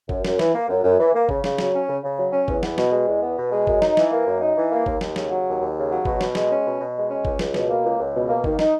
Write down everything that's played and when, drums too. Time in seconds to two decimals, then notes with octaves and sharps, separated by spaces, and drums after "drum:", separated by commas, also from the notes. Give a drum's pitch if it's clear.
0.09 F#2, drum: kick G1
0.25 F#2, drum: snare
0.39 E3, drum: snare
0.54 A#3
0.69 F#2
0.84 F#2
0.99 E3
1.14 A#3
1.29 C#3, drum: kick G1
1.44 C#3, drum: snare
1.58 F#3, drum: snare
1.73 C#4
1.88 C#3
2.03 C#3
2.18 F#3
2.33 C#4
2.48 E2, drum: kick G1
2.63 B3, drum: snare
2.78 B2, drum: snare
2.92 G#3
3.07 E2
3.22 B3
3.37 B2
3.52 G#3
3.67 F#2, drum: kick G1
3.82 D#4, drum: snare
3.97 E3, drum: snare
4.12 A#3
4.27 F#2
4.41 D#4
4.56 E3
4.71 A#3
4.86 D#2, drum: kick G1
5.01 D#2, drum: snare
5.16 C#3, drum: snare
5.31 F#3
5.46 D#2
5.61 D#2
5.76 C#3
5.91 F#3
6.05 B2, drum: kick G1
6.21 B2, drum: snare
6.35 G#3, drum: snare
6.50 C#4
6.65 B2
6.80 B2
6.95 G#3
7.10 C#4
7.25 C#2, drum: kick G1
7.39 C#2, drum: snare
7.54 B2, drum: snare
7.69 A#3
7.84 C#2
7.99 C#2
8.14 B2
8.29 A#3
8.44 D#3, drum: kick G1
8.59 D#4, drum: snare